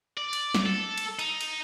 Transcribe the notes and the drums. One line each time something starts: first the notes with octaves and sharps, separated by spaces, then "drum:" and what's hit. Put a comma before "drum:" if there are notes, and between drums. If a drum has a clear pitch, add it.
D5
drum: cymbal
drum: snare
A4
drum: cymbal
D#4, drum: cymbal
drum: cymbal